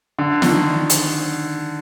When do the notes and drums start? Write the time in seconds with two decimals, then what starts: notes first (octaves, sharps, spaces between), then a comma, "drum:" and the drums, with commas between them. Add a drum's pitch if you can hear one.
0.19 D3
0.42 D3, drum: snare
0.47 D#3
0.90 drum: hi-hat